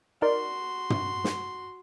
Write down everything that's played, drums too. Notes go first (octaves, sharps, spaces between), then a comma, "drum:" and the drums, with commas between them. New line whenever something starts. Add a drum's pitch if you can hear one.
D#4 F#4 A#4 D5 C6
drum: tom
drum: snare